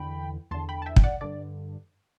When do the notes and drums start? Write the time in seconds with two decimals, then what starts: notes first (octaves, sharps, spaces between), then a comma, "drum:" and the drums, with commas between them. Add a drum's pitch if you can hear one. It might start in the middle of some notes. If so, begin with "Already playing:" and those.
Already playing: E2 D3 G5 B5
0.51 E2 D3 A5 C6
0.69 G5 B5
0.82 A5
0.86 E5 G5
0.96 G5, drum: kick
1.04 D5 F#5
1.21 G2 D3 D5